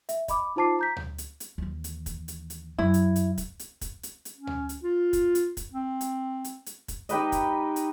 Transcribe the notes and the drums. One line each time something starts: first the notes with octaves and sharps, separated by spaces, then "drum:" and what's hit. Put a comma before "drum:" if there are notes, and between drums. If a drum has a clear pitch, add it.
E5, drum: hi-hat
D#5 B5 D6, drum: kick, hi-hat
D#4 F4 C5 A5 D6 C7
A#5 G6 B6
drum: tom D2
drum: hi-hat
drum: hi-hat
D#2 E3
drum: hi-hat
drum: kick, hi-hat
drum: hi-hat
drum: hi-hat
F#2 E4
drum: hi-hat
drum: hi-hat
drum: kick, hi-hat
drum: hi-hat
drum: kick, hi-hat
drum: hi-hat
drum: hi-hat
C#4
drum: tom D2
drum: hi-hat
F4
drum: kick, hi-hat
drum: hi-hat
drum: kick, hi-hat
C4
drum: hi-hat
drum: hi-hat
drum: hi-hat
drum: kick, hi-hat
D#4 G4 B4 D#5, drum: hi-hat
drum: kick, hi-hat
drum: hi-hat